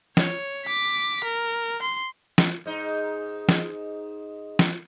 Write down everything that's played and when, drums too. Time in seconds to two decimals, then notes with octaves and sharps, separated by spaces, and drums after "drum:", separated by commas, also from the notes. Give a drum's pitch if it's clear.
0.17 C#5, drum: snare
0.65 D6 B6
1.24 A#4
1.82 C6
2.38 drum: snare
2.66 G#2 D#4
3.49 drum: snare
4.59 drum: snare